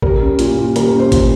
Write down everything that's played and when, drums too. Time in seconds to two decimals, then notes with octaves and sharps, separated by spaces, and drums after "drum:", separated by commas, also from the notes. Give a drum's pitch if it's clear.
0.02 G3 A#4, drum: kick
0.21 C#4
0.39 A#2, drum: hi-hat
0.58 A#2
0.76 G3 A#4, drum: hi-hat
0.87 A#4
0.93 C#4
0.99 C5
1.12 A#2, drum: kick, hi-hat